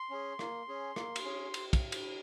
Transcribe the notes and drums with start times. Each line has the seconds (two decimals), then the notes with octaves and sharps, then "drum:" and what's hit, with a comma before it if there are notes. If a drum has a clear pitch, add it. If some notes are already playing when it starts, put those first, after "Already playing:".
Already playing: C6
0.10 C#4 G#4
0.39 A#3, drum: rim click
0.68 C#4 G#4
0.96 A#3, drum: rim click
1.16 drum: cymbal
1.25 C#4 G#4
1.54 drum: cymbal
1.73 drum: kick, cymbal
1.92 drum: cymbal